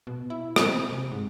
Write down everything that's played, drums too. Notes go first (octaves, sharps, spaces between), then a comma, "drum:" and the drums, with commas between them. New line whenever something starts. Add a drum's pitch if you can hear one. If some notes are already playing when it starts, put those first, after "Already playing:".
B2
E4
C4, drum: rim click
C3
G#2